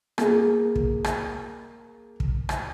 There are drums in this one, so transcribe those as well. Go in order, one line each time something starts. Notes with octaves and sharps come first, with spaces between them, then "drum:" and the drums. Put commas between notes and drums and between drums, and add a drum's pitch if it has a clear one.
A#3 G#4, drum: rim click
drum: kick
drum: rim click
drum: kick
drum: rim click